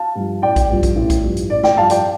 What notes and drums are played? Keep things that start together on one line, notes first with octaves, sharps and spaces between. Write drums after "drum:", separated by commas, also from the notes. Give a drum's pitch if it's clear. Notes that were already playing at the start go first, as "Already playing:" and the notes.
Already playing: F5 A5
G2 F3
A1 D5 G5
drum: kick A#1, hi-hat
G2 F3
drum: kick A#1, hi-hat
A1
drum: kick A#1, hi-hat
G2 F3
drum: hi-hat
A1 D5
D5 G5, drum: snare
G2 F3 F5 A5
D5 G5, drum: hi-hat